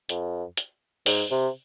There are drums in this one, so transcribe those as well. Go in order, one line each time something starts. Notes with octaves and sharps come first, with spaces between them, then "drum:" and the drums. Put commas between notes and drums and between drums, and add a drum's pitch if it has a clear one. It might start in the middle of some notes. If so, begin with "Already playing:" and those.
F2, drum: hi-hat
drum: hi-hat
G#2, drum: open hi-hat
C3